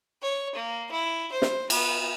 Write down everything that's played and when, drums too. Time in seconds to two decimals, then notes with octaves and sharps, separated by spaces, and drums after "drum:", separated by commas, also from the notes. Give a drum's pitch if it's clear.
0.22 C#5
0.55 A#3
0.91 E4
1.32 C5
1.42 drum: snare
1.70 B3, drum: cymbal